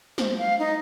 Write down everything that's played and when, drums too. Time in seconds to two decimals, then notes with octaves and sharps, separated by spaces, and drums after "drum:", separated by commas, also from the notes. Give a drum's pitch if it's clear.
0.18 C5, drum: snare
0.38 F5
0.59 D#4